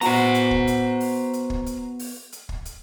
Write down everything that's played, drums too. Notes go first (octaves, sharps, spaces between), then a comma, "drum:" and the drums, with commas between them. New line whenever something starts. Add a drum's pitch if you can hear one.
B3 F#4 C5 A#5, drum: open hi-hat
drum: hi-hat
drum: kick
drum: hi-hat
drum: open hi-hat
drum: hi-hat
drum: kick
drum: hi-hat
drum: open hi-hat
drum: hi-hat
drum: kick
drum: hi-hat